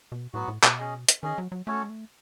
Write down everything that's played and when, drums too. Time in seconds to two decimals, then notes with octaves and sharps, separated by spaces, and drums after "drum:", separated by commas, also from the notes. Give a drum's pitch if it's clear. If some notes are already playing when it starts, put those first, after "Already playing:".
0.12 B2
0.34 A2 F#3 B3 F#4
0.48 A2
0.64 B2, drum: clap
0.78 C#4 G#4 D#5
1.09 drum: hi-hat
1.22 D#3 C#4 G#4 D#5
1.38 F#3
1.52 F#3
1.67 A3 C#4 F#4 A4 C#5
1.83 G#3
1.89 A3